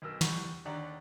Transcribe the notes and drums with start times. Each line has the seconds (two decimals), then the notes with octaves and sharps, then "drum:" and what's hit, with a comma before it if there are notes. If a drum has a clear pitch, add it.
0.02 B1 B2 A#4 E6
0.21 E2 G3 F#5 C#6, drum: snare
0.65 D#2 D3 D5 F#5 A#5 C#6